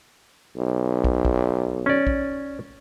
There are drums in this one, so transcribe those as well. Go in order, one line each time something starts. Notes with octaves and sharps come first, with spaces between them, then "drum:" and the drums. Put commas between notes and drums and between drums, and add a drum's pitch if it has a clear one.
B1
drum: kick
drum: kick
C#4 D5
drum: kick